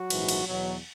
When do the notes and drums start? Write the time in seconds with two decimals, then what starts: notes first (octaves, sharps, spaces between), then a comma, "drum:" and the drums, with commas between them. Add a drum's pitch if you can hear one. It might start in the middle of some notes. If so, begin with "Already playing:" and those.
Already playing: F#3 F#4
0.10 A#1 G#2 E3, drum: cymbal
0.29 drum: cymbal
0.46 E2 B2 F#3